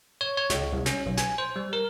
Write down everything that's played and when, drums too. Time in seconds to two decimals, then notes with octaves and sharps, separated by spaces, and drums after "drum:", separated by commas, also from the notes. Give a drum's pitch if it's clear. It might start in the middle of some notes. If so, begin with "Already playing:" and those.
0.21 C#5
0.37 C#5
0.50 C#2, drum: snare
0.73 C2
0.86 C#4, drum: snare
1.06 B1
1.18 G#5, drum: snare
1.38 C5
1.56 G3
1.73 A#4